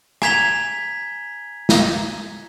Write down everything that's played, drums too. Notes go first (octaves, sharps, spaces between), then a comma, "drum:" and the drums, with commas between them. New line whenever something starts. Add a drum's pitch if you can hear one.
G#5 A#5 G#6 B6 F7 G7, drum: rim click
drum: snare